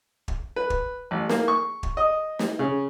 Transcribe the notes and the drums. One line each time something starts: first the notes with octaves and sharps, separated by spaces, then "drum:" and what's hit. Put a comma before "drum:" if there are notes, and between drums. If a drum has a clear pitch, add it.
drum: kick
B4
drum: kick
A1
A#3, drum: snare
C#6
drum: kick
D#5
drum: snare
C#3